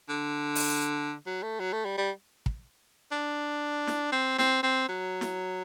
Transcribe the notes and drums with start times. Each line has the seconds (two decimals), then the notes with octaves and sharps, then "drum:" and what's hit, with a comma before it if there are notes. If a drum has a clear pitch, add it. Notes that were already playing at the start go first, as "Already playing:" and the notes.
0.09 D3
0.55 drum: open hi-hat
1.26 F#3
1.43 A3
1.60 F#3
1.73 A3
1.85 G3
1.98 G3
2.46 drum: kick
3.12 D4
3.87 drum: snare
4.12 C4
4.38 C4, drum: snare
4.63 C4
4.89 F#3
5.21 drum: snare